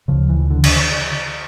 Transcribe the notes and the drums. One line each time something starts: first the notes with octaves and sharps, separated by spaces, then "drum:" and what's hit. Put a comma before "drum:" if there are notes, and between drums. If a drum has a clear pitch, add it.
D2 C#3 F3
E3
D3
D3, drum: cymbal